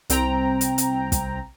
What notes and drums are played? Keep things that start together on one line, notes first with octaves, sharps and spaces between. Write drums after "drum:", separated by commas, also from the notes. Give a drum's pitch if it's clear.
C2 C4 G5 A#5, drum: hi-hat
drum: hi-hat
drum: hi-hat
drum: kick, hi-hat